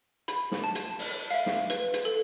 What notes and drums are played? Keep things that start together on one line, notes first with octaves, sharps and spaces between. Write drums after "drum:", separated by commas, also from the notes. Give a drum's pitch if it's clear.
B5, drum: hi-hat
drum: snare
A5
drum: hi-hat
drum: open hi-hat
F5
E5
drum: snare
B4, drum: hi-hat
drum: hi-hat
A4